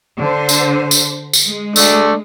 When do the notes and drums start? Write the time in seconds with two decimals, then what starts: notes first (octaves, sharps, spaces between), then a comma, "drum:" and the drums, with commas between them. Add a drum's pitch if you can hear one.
0.21 D3 C5
0.49 drum: tambourine
0.91 drum: tambourine
1.33 drum: tambourine
1.45 G#3
1.76 A3 D4, drum: tambourine